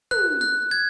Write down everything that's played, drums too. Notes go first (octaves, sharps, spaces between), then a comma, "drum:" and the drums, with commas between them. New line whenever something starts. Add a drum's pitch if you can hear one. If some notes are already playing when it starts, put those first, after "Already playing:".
F#6, drum: tom
F#6
G#6